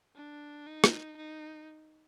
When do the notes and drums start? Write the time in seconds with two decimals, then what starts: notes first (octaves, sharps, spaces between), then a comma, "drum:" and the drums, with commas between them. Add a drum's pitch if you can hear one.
0.15 D4
0.66 D#4
0.84 drum: rim click
1.17 D#4